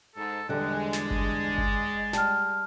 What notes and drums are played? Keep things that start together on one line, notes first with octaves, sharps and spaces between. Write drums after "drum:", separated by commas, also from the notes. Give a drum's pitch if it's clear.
G#2 A4
E2 D3 G3 G#3 F#5
D5, drum: snare
drum: kick G1
drum: kick G1
G3 A5 F6, drum: snare